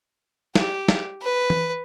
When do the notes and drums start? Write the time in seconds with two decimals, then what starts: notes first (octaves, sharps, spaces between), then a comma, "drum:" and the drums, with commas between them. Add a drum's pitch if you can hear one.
0.55 G4, drum: snare
0.88 drum: snare
1.22 B4
1.50 drum: tom E3